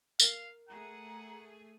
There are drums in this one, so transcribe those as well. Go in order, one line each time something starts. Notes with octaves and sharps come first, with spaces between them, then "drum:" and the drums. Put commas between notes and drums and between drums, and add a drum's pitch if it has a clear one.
A#4 F5, drum: tambourine
A3 G#4 F#5 A#5